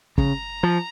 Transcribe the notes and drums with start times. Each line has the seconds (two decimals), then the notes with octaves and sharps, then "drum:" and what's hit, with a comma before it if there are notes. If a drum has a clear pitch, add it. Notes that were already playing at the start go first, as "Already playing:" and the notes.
0.18 C#3 A#5, drum: kick
0.63 F3